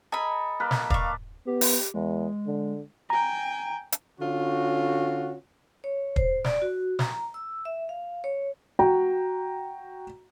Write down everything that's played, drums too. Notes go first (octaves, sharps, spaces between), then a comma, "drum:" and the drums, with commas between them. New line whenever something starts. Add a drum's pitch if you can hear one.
A4 D#5 G#5 A#5 B5
A#3 A4 B4
drum: snare
D5 F5 C#6, drum: kick
B3 G4
drum: open hi-hat
E2 G#3
D3
G5 G#5 A#5
drum: hi-hat
D3 C#4 F4 F#4
C#5
C5, drum: kick
D5, drum: snare
F#4
A#5, drum: snare
E6
E5
F5
C#5
F#4 G5 A#5